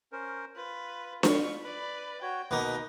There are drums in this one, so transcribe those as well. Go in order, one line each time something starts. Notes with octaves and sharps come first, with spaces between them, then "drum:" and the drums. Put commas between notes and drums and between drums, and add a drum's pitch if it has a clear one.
C#4 A#4 C5
F4 B4
F4 B5 C#6, drum: snare D4
B4 D5
F#4 C#5 G5
B2 A#3 D#4 B4